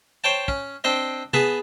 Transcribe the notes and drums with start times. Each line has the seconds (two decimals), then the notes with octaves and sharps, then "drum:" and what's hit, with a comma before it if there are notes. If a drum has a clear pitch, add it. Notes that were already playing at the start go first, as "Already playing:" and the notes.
0.24 C5 C#5 G5 A5
0.48 C#4, drum: kick
0.84 C4 D4 C5 D#5
1.33 B3 G#4 B4 G#5 A5, drum: tom C3